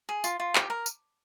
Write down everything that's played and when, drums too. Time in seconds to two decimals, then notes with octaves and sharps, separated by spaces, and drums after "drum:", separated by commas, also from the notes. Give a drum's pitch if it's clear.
0.09 G#4
0.24 F4, drum: tambourine
0.40 F4
0.55 G4, drum: clap
0.70 A#4
0.86 drum: tambourine